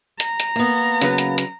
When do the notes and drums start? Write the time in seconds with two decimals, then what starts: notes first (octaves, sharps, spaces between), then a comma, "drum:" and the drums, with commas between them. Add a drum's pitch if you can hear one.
0.20 A#5, drum: hi-hat
0.40 drum: hi-hat
0.56 A#3 B3
1.02 C#3 F#3 B4, drum: hi-hat
1.18 drum: hi-hat
1.38 drum: hi-hat